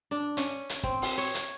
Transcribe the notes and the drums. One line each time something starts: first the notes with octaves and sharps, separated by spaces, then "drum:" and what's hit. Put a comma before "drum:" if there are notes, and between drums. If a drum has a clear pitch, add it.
D4
C#4, drum: hi-hat
drum: hi-hat
C4, drum: kick
drum: open hi-hat
C#5
drum: hi-hat